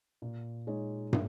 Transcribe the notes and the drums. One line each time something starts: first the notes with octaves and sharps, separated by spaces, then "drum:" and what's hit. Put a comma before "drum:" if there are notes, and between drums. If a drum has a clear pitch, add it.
A#2
G#3 D#4 G#4 C#5
A#2, drum: tom